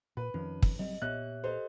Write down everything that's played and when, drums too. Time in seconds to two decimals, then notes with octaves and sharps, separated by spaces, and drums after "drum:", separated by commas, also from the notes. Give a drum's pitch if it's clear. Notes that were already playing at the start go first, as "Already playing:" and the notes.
0.17 A#2 B4
0.34 F2 D#3 F3 C#4 D#4
0.63 drum: kick
0.79 F#3 G3 C4 D#5
1.02 A#2 B3 G4 C#5 E5 F#6
1.44 G4 A4 C5 D#5